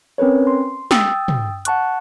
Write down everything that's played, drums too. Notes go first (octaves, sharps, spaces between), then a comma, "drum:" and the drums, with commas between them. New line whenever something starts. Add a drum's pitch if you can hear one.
C4 C#4 A#4 B4 C#5
C6
G5 D#6 E6 A6, drum: snare
drum: tom
F#5 A5 C#6 F#6, drum: hi-hat